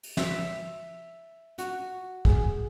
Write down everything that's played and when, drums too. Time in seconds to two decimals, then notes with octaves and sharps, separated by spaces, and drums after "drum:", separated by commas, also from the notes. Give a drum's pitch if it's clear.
0.03 drum: open hi-hat
0.17 E5, drum: snare
1.58 F#4, drum: hi-hat
2.25 G#4, drum: kick